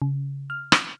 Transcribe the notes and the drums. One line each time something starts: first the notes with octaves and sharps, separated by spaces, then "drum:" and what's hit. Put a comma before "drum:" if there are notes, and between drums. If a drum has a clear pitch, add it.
C#3
F6
drum: rim click